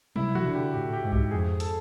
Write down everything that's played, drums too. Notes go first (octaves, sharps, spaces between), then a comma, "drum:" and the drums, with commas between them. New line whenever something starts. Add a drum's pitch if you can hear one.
C3 E4, drum: tom
F#4, drum: tom E3
D3
G4
A2 G4
G4
G#2
G4, drum: kick C2
F2 G#4
A4, drum: hi-hat